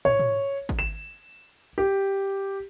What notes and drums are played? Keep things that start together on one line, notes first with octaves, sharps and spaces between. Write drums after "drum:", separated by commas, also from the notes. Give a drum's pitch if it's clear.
C#5, drum: tom
drum: tom
drum: kick G#1
E7
G4